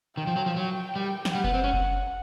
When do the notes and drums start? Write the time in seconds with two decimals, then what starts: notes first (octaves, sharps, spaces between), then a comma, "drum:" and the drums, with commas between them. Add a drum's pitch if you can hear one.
0.17 D#3 G5
0.27 F3
0.36 F#3
0.46 F3
0.56 F#3 G5
0.96 G3
1.25 drum: snare
1.34 G3 F#5
1.44 B3, drum: kick F#1
1.54 C4
1.64 C#4
1.73 drum: kick F#1